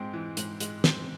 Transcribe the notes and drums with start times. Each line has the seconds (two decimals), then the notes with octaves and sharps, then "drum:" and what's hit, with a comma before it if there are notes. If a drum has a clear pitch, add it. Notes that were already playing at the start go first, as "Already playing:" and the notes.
Already playing: G#2 G#3 C4 G5
0.13 E3
0.37 G#2, drum: hi-hat
0.60 G#3, drum: hi-hat
0.84 C4, drum: snare